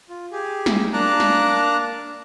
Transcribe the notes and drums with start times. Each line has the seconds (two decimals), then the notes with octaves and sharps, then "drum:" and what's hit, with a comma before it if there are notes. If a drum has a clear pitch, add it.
0.09 F4
0.32 G4 G#4
0.66 drum: snare
0.93 A#3 D4 A5 A#5 D6 F#6
1.20 drum: snare